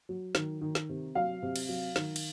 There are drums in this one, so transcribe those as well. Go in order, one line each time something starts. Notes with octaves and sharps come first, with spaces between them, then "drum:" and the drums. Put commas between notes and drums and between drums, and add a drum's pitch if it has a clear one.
F#3
D#3, drum: snare
D#3
drum: snare
C3
F#3 F5
C3
drum: cymbal
F#3
D#3, drum: snare
drum: cymbal